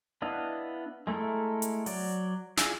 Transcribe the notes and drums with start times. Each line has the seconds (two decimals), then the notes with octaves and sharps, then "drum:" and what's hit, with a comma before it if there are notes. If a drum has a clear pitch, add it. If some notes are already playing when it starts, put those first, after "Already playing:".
0.22 B3 D4 E4 D#5 F5
1.07 G#3 A3 E4 A4 A#4
1.62 drum: hi-hat
1.86 F#3 D5, drum: open hi-hat
2.58 E4 F4 G#4 D5 E5, drum: snare